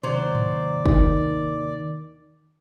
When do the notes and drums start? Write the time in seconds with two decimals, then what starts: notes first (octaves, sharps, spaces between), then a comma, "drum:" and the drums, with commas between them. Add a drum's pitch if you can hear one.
0.03 D#2 C3 F#3 C5 D5
0.35 drum: tom G#2
0.86 D#3, drum: kick